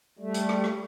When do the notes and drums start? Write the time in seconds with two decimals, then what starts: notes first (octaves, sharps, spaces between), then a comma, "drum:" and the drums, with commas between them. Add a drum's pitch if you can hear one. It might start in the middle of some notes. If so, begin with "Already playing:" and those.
0.19 G3 A3
0.34 drum: hi-hat
0.49 drum: rim click
0.64 drum: rim click